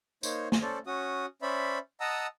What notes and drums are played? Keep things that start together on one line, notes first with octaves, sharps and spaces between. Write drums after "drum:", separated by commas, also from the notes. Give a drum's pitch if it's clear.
A#3 D#4 C5 C#5, drum: tambourine
drum: snare
C#4 A4 C5 D5
C#4 F#4 D#6
C#4 C5 D5 E5 B5
D#5 F#5 A5 A#5 D#6 E6